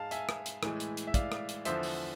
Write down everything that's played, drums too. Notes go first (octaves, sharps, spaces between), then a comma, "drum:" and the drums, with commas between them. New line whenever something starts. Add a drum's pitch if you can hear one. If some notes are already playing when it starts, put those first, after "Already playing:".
Already playing: G#2 G#3 F5 A5
E5 G#5, drum: hi-hat
drum: rim click
drum: hi-hat
A2 E3 G#3, drum: rim click
drum: hi-hat
drum: hi-hat
E5
D5 F5, drum: kick, hi-hat
drum: rim click
drum: hi-hat
E2 D3 F3 C5 E5, drum: hi-hat
drum: open hi-hat